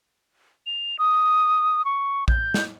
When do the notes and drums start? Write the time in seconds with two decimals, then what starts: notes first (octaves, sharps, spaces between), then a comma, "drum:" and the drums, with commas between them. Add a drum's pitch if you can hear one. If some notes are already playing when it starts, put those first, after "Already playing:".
0.66 F7
0.99 D#6
1.85 C#6
2.28 G6, drum: kick A#1
2.54 drum: snare